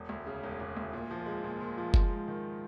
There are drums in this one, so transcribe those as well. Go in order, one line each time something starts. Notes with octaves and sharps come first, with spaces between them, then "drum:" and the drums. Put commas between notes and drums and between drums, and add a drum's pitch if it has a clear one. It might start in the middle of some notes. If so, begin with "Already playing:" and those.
Already playing: E1
D2
C#3
E1
E1
D2
A#2
F3
G#3
A#2
A#2
F3
G#3, drum: kick F#1
G#2
D#3